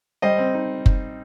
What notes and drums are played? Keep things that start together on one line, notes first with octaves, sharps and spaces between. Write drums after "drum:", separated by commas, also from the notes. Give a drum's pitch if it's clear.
G3 C5 D#5
C4
D#4
drum: kick F#1